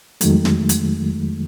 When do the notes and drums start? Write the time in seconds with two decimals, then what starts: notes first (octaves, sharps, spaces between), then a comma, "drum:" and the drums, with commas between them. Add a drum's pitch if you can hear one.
0.21 F2 D#3 F#3 G#3 A3, drum: hi-hat
0.45 drum: snare
0.69 drum: hi-hat